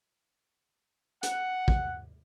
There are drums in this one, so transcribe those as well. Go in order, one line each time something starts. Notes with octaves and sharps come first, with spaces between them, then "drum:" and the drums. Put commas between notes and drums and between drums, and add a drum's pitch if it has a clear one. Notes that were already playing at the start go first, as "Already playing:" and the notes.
F#5, drum: hi-hat
drum: kick